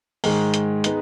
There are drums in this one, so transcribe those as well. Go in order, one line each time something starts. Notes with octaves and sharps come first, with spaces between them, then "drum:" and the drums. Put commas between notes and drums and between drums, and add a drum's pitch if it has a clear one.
G#2 D#3 G#3, drum: open hi-hat
drum: hi-hat
G#3 B3 D#4, drum: hi-hat